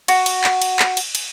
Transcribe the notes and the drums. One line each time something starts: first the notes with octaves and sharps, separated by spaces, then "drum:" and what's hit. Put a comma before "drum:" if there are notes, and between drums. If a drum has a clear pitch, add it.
F#4, drum: cymbal
drum: cymbal
drum: clap
drum: cymbal
drum: clap
drum: cymbal
drum: cymbal